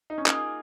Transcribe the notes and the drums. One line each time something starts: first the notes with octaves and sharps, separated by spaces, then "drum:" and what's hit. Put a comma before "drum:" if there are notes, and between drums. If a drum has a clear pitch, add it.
D#4
C#4
A#3 D#4 F4 G#4 D#5, drum: clap